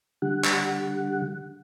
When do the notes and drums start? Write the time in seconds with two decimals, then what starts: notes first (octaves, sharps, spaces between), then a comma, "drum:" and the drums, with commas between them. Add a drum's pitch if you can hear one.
0.22 D3 G3 F#5
0.44 drum: clap